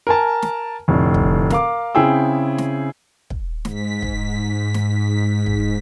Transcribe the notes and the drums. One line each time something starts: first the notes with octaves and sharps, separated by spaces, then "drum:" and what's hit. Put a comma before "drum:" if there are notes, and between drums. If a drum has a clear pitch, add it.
A#4 G#5 A5
drum: snare
F1 A2 D3
drum: kick
A#4 F5 D6, drum: snare
C#3 C4 E4 G#4 G5 E6
drum: snare
drum: kick
G#2 B6, drum: snare
drum: kick
drum: snare
drum: kick